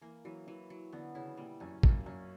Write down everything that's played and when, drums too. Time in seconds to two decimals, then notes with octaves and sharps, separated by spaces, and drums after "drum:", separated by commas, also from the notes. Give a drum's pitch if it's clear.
0.01 E3 A#3
0.25 E3 F#3
0.47 E3 F#3
0.70 F#3
0.92 D3 B3
1.15 C#3 E4
1.37 A#2 G3
1.60 F#2 C#4
1.83 F#2 A#3, drum: kick
2.06 F#2 C#4